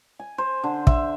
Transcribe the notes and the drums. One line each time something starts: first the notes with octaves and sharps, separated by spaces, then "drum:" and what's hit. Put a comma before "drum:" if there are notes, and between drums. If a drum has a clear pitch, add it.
G#5
C5
D3
E5, drum: kick